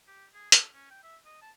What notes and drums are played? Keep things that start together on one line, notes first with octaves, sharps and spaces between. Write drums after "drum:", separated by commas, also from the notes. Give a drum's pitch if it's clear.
G4
G#4
A4, drum: hi-hat
C#4
G5
E5
D#5
A5